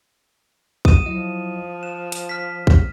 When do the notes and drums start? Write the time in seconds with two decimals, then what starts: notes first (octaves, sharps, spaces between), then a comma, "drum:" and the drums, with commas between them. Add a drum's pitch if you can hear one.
0.85 F#4 D#6 D#7 E7, drum: kick
1.06 F3 F#3 E4 D#5
1.83 F#6 E7
2.12 drum: hi-hat
2.29 F6 B6
2.67 drum: kick